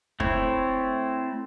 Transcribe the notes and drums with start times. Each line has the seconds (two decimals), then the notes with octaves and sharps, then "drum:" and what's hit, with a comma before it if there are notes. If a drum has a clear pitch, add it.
0.20 A3 C4 E4 C#5, drum: kick